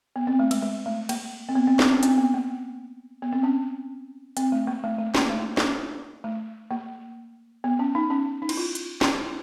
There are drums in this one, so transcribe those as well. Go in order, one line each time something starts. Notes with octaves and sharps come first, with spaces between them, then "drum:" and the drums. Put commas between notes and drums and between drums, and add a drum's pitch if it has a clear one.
B3
C4
A3
G#3, drum: cymbal
G#3
A3
A#3, drum: cymbal
C4
B3
C4
C4, drum: snare
C#4
C4, drum: hi-hat
B3
A#3
B3
C4
C#4
C4, drum: hi-hat
A3
A#3
A3
A3
A#3, drum: snare
A#3
A3
drum: snare
A3
A#3
B3
C#4
D#4
C#4
D#4
E4, drum: cymbal
F4
drum: hi-hat
drum: snare
E4